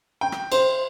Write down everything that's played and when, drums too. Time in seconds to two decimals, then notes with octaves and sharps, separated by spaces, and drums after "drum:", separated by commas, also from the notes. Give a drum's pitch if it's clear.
0.21 G5
0.32 drum: rim click
0.52 C5, drum: cymbal